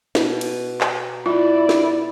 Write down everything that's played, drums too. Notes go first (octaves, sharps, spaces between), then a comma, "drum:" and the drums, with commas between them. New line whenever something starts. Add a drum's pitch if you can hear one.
B2 D6, drum: snare
drum: cymbal
drum: clap
E4 F4 D5
drum: snare